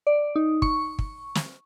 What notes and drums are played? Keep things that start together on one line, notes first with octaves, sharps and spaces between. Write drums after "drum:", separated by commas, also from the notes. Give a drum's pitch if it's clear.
D5
D#4
C#6, drum: kick
drum: kick
drum: snare